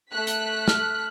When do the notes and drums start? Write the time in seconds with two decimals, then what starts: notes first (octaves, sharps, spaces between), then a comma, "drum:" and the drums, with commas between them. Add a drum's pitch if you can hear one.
0.12 A3 F#6 B6
0.27 drum: hi-hat
0.68 F6, drum: snare